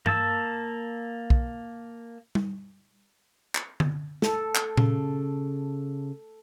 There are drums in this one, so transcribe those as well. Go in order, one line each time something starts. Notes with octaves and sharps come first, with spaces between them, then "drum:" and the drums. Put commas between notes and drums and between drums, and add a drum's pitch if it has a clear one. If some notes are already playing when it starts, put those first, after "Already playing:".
A#3 A5 E6, drum: tom G2
drum: kick
drum: tom G3
drum: clap
drum: tom D3
A4, drum: snare
drum: clap
C#3, drum: tom A#2